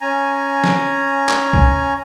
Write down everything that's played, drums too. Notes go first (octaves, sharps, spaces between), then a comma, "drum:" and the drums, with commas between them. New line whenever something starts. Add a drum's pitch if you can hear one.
C#4 G#5 A#5
drum: snare
drum: clap
drum: kick B1